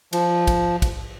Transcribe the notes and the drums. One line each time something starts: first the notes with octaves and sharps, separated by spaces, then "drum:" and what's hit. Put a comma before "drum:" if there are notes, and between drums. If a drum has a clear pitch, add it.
F3, drum: cymbal
drum: kick, cymbal
drum: kick, cymbal